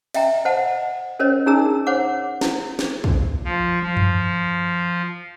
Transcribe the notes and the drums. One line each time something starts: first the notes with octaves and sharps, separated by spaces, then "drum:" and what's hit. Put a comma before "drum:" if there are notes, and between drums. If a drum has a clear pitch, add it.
D#5 E5 G5 A#5, drum: cymbal
C5 D#5 F#5 A5
C#4 A#4 C5 C#5 D#5
D4 D#4 G#4 A#4 A#5 E6
C5 C#5 F#5 D6
E4, drum: snare
drum: snare
drum: kick
F3
F3, drum: tom
drum: tom F#2